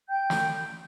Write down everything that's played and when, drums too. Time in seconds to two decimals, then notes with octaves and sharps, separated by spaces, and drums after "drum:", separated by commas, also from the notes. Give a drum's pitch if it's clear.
0.09 G5 G6
0.30 drum: snare